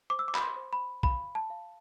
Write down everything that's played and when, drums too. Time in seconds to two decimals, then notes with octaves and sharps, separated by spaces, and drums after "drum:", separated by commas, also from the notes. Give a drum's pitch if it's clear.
0.10 C5 D6
0.19 E6
0.28 D6
0.35 B5, drum: clap
0.41 C6
0.56 C5
0.73 B5
1.03 F5 B5, drum: kick
1.35 A5
1.50 F5